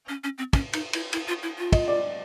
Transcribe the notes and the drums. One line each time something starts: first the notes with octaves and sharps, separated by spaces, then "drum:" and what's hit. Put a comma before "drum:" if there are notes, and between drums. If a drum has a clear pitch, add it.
C#4
C#4
C4
C#4, drum: kick, cymbal
D#4, drum: cymbal
E4, drum: cymbal
E4, drum: cymbal
F4
E4
F4
D#5, drum: kick, cymbal
D5